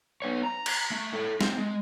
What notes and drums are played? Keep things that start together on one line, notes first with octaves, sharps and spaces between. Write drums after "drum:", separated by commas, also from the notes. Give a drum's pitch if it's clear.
B3 C#5
A#5
drum: cymbal
A3
E4 A4
C4, drum: snare
G#3